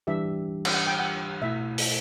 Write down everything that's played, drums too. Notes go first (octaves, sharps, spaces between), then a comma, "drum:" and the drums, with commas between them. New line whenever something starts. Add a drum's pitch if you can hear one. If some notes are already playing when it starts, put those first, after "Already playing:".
E3 G3 D4 G4 E5
drum: cymbal
F#5
G5
F#5
B2 A3 E4 E5
drum: open hi-hat